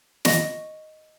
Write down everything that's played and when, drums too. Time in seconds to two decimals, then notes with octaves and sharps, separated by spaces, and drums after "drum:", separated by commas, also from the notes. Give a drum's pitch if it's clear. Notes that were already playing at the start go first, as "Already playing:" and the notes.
0.25 D#5 C#6 A#6, drum: snare